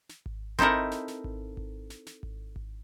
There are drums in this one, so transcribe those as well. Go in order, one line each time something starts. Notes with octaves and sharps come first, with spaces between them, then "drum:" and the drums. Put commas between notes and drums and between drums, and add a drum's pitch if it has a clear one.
drum: snare
drum: kick G#1
C4 D#4 E4 A4 A#4, drum: kick G#1
drum: snare
drum: snare
drum: kick G#1
drum: kick G#1
drum: snare
drum: snare
drum: kick G#1
drum: kick G#1